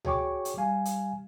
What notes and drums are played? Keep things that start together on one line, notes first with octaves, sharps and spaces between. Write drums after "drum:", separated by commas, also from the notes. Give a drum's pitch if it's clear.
F#4 G#4 C#5 G5 C#6 D6, drum: tom C#2
drum: hi-hat
G3 F5 G#5
drum: hi-hat